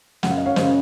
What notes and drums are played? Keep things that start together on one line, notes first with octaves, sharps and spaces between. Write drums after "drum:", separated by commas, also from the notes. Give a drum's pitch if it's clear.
F#2 C#3 F#5, drum: snare
F5
D#5
C#5 F5
F#2 C#3 C5 D#5, drum: snare